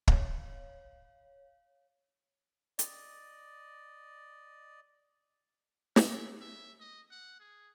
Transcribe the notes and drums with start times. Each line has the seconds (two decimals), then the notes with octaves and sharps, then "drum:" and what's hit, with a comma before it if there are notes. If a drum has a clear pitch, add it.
0.08 C#5 F5, drum: kick
2.79 D5 D#5, drum: hi-hat
5.96 E5, drum: snare
6.41 E5
6.80 D#5
7.11 F#5
7.40 G#4